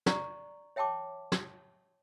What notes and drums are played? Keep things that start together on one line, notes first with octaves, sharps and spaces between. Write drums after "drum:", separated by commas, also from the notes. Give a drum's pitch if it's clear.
D5 A#5 C#6, drum: snare
C#5 E5 G5 A5 C6 D6
drum: snare